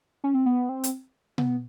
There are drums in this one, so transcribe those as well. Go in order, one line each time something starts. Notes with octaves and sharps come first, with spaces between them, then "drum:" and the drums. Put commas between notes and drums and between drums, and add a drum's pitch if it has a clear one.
C#4
C4
B3
C4
drum: hi-hat
B3, drum: tom B2